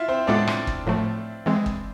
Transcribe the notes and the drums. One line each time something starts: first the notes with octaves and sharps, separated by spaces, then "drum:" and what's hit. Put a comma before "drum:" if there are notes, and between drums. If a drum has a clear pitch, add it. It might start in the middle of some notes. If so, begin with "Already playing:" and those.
Already playing: E4 F4 E5 F5
C4 C5
A2 G#3 B3 D4 F4 A4 D5
drum: rim click
drum: kick
A2 F3 A3
E3 G#3 C4
drum: kick